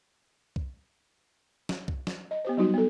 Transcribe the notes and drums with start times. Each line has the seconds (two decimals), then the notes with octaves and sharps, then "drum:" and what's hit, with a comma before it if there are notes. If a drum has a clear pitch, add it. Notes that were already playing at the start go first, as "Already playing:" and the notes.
0.56 drum: kick C2
1.69 drum: snare
1.88 drum: kick C2
2.07 drum: snare
2.31 D#5
2.45 B3 G4 C5
2.57 F#3 G3 D#4 F#4
2.74 B3 A4